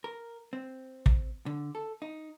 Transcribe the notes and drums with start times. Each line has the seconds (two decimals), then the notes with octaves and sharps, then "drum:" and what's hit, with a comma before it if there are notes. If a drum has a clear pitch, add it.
0.04 A#4
0.53 C4
1.06 drum: kick
1.46 D3
1.75 A4
2.02 D#4